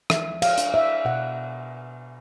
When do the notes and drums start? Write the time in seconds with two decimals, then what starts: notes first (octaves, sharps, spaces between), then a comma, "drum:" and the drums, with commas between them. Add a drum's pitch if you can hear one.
0.10 G#3 E5, drum: rim click
0.42 F5, drum: cymbal
0.58 D4, drum: hi-hat
0.74 E5
1.05 B2 F#5